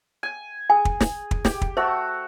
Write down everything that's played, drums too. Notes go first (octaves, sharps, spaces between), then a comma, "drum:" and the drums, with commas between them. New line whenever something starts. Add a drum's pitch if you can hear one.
G#5
G#4 G#5
drum: kick
drum: snare
drum: kick
G4, drum: snare
drum: kick
A3 F#4 C5 E6